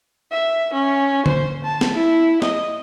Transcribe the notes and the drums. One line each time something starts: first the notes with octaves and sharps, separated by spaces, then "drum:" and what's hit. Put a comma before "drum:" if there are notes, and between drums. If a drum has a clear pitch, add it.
E5
C#4
C5, drum: tom D3
A5
drum: snare
E4
D#5, drum: snare